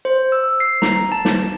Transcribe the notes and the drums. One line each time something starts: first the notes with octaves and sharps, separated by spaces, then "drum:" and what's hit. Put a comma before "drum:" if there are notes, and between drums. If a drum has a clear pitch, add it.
C5
E6
C7
A#5, drum: snare
A5
drum: snare